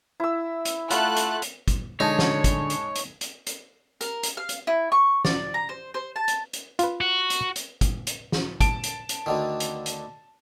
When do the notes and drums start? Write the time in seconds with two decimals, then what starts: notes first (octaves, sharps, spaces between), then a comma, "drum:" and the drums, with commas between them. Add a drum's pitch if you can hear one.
0.20 E4 E6
0.65 drum: hi-hat
0.90 A3 F4 A4 F#5 B5 F#6, drum: hi-hat
1.16 drum: hi-hat
1.42 drum: hi-hat
1.68 drum: kick, hi-hat
2.00 D3 G#3 D#4 C#5 A5 G#6
2.19 drum: snare
2.44 drum: kick, hi-hat
2.70 drum: hi-hat
2.95 drum: hi-hat
3.21 drum: hi-hat
3.47 drum: hi-hat
4.01 A#4, drum: hi-hat
4.23 drum: hi-hat
4.37 F5
4.49 drum: hi-hat
4.67 E4
4.92 C#6
5.25 D5, drum: snare
5.54 A#5
5.69 C5
5.94 C5
6.16 A5
6.28 drum: hi-hat
6.53 drum: hi-hat
6.79 F4 B4, drum: hi-hat
7.01 F#4
7.30 drum: hi-hat
7.56 drum: hi-hat
7.81 drum: kick, hi-hat
8.07 drum: hi-hat
8.32 drum: snare
8.61 A5 D7, drum: kick, hi-hat
8.84 drum: hi-hat
9.09 drum: hi-hat
9.26 D2 D3 D#3
9.60 drum: hi-hat
9.86 drum: hi-hat